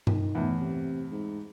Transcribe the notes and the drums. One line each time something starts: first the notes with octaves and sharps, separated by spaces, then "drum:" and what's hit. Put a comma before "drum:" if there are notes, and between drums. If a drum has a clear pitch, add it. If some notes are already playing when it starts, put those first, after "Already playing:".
D#3, drum: tom G2
E2 A2
C3
G#2